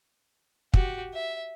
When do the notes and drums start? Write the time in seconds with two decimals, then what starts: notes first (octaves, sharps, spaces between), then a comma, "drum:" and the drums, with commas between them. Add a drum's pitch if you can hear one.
0.74 F#4 G4, drum: kick
1.14 E5